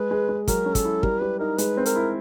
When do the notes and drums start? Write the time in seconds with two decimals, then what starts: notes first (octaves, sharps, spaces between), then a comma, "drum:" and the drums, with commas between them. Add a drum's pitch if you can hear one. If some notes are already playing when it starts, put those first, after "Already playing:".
Already playing: G#3 B4
0.11 G#3
0.29 G#3
0.48 F#3 A#4, drum: kick, hi-hat
0.66 C#4
0.75 A4, drum: kick, hi-hat
0.85 E4
1.03 G3 A#4, drum: kick
1.21 G3 B4
1.39 D#4 A#4
1.58 G#3 B4, drum: hi-hat
1.77 C4
1.86 A#4, drum: hi-hat
1.96 E4